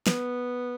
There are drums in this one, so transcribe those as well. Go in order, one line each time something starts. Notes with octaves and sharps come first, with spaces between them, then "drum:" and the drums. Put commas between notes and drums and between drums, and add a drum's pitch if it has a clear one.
B3, drum: snare